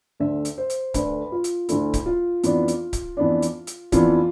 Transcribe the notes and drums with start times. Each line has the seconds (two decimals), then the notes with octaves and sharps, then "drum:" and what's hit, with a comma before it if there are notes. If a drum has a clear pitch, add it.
0.20 D2 D3 A3 D4 E5
0.45 drum: hi-hat
0.58 C5
0.70 drum: hi-hat
0.94 D2 D3 A3 D4 B4, drum: kick C#1, hi-hat
1.32 F4
1.44 drum: hi-hat
1.69 D2 D3 A3 D4 E4, drum: hi-hat
1.94 drum: kick C#1, hi-hat
2.06 F4
2.43 F2 E3 B3 D4, drum: hi-hat
2.68 drum: hi-hat
2.93 drum: kick C#1, hi-hat
3.17 F2 E3 B3 D4
3.42 drum: hi-hat
3.67 drum: hi-hat
3.92 F2 E3 B3 D4 F4, drum: kick C#1, hi-hat